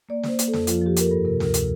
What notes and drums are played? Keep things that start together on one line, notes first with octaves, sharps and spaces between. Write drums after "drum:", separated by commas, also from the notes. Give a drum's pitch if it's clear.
A#3 D5
A#3 C5, drum: snare
A#3, drum: hi-hat
A4
F2, drum: snare
F3 F4, drum: hi-hat
F3 G4
F3 A#4, drum: hi-hat
A4
G2
C3 A#4
D2 A#4, drum: snare
C3, drum: hi-hat